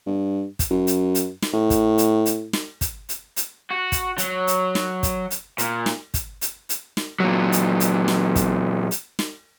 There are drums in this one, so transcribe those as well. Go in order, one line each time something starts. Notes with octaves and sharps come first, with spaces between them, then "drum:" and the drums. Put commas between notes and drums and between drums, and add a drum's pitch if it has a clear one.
G2
drum: kick, hi-hat
F#2
drum: hi-hat
drum: hi-hat
drum: snare
A2
drum: kick, hi-hat
drum: hi-hat
drum: hi-hat
drum: snare
drum: kick, hi-hat
drum: hi-hat
drum: hi-hat
F#4
drum: kick, hi-hat
F#3, drum: hi-hat
drum: hi-hat
drum: snare
drum: kick, hi-hat
drum: hi-hat
A#2, drum: hi-hat
drum: snare
drum: kick, hi-hat
drum: hi-hat
drum: hi-hat
drum: snare
A#2 F#3
drum: hi-hat
drum: hi-hat
drum: snare
drum: kick, hi-hat
drum: hi-hat
drum: snare